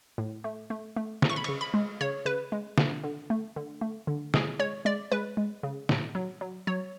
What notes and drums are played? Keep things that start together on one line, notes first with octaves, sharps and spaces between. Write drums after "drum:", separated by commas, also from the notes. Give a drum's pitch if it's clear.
A2
A3
A3
A3
C#3, drum: snare
C#6
B5
C#3 C#6, drum: cymbal
B5
G#3
C#3 C#5
C#3 B4
G#3
D3, drum: snare
D3
A3
D3
A3
D3
G#3 G#4, drum: snare
G#3 C#5
G#3 D5
G#3 B4
G#3
C#3
A2, drum: snare
F#3
F#3
F#3 C#5